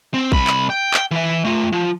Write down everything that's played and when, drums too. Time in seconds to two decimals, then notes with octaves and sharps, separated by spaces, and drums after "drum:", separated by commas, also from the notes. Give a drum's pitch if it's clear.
0.14 C4
0.32 C2 B5, drum: kick A#1
0.47 drum: clap
0.70 G5
0.94 drum: clap
1.11 E3 E5
1.45 A3 F4
1.72 F3